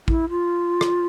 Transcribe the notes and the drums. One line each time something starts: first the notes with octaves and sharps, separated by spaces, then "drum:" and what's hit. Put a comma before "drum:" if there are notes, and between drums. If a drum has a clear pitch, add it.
E4, drum: kick
F4
drum: rim click